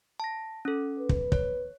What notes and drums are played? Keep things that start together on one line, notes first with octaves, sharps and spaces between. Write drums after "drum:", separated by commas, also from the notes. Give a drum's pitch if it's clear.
A5 A#6
C#4 A4
B4
drum: kick
C#5, drum: kick